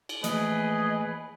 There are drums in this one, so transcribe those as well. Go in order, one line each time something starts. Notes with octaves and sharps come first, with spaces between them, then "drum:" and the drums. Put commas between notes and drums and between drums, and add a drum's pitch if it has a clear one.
drum: cymbal
E3 F3 A3 A#3 G#4 B4 D#5, drum: hi-hat